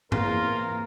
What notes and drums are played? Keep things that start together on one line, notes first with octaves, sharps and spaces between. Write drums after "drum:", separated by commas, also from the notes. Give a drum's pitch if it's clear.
E2 C3 A#3 F4 A#4, drum: tom G#2